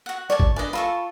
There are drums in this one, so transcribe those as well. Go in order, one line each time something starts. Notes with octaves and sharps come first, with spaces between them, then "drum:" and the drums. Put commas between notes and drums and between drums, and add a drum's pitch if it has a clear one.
F#4 F#5
C#5 D5 G#5 A5
drum: kick G#1
D4 B4 D5 D#5 G#5
F4 A4 B5 C#6